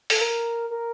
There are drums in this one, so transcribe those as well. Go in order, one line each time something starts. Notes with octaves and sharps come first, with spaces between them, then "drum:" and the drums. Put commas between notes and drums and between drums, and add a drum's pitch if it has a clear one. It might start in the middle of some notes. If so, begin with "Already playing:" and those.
A4, drum: open hi-hat
A#4
A#4